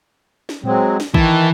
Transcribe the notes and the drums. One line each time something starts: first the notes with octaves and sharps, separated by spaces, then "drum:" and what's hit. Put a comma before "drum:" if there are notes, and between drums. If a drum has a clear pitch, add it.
drum: snare
F#3 G#3 C4, drum: tom A2
drum: snare
D#3 E3 A5, drum: kick